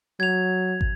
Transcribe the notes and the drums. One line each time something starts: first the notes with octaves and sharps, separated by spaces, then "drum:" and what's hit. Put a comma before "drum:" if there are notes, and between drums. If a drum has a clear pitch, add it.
F#3 G#6 F7
drum: kick